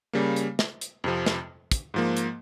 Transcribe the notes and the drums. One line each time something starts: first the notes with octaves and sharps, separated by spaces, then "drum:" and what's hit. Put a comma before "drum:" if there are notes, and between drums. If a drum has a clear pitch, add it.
C#3 G3 A#3
drum: hi-hat
drum: snare
drum: hi-hat
F2 C3 F3
drum: snare
drum: kick, hi-hat
G#2 F3 A#3
drum: hi-hat